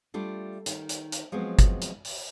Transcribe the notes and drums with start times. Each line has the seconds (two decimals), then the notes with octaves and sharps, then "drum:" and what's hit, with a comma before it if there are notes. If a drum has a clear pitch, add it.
0.14 G3 A3 D4 F4
0.66 D#3, drum: hi-hat
0.89 drum: hi-hat
1.12 drum: hi-hat
1.32 F3 F#3 G#3 B3 C4
1.59 drum: kick G1, hi-hat
1.82 drum: hi-hat
2.05 drum: open hi-hat